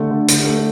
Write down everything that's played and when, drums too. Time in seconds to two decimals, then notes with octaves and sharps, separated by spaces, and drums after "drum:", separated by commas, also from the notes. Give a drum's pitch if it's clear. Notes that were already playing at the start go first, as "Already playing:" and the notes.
Already playing: D3 A3
0.11 D3
0.29 D3, drum: hi-hat
0.47 A3